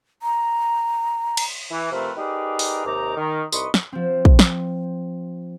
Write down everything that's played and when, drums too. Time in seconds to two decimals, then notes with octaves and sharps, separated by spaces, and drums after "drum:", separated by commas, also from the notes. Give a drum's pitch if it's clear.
0.22 A#5
1.37 drum: cymbal
1.71 E3
1.92 C3 F3 A3 C4 A#4 B4
2.18 D#4 G4 G#4 A#4 B4 D5
2.59 drum: open hi-hat
2.86 D#2 C3 D#4 A#5 D6
3.17 D#3
3.52 C2 D#4 B4 D#5 C6 C#6, drum: tambourine
3.74 drum: snare
3.92 F3 C4
4.25 drum: kick
4.39 drum: snare